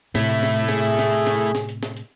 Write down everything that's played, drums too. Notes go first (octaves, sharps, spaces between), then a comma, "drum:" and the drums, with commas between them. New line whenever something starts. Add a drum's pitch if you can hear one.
A2 C3 A3 E4, drum: snare
drum: hi-hat
drum: snare
drum: hi-hat
G#4, drum: snare
drum: hi-hat
drum: snare
drum: hi-hat
drum: snare
drum: hi-hat
drum: snare
drum: hi-hat
drum: snare
drum: hi-hat